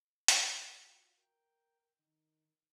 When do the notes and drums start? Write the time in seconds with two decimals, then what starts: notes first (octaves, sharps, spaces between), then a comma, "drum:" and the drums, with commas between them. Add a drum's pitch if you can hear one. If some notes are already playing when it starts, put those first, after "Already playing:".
0.28 F4 F#4, drum: hi-hat
1.17 A#4 G5
1.99 D#3